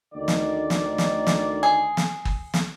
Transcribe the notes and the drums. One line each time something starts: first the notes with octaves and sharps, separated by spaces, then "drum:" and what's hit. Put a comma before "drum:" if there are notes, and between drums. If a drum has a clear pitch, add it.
D2 D#3 D5
drum: snare
drum: snare
drum: snare
drum: snare
G#4
drum: snare
drum: kick G1
drum: snare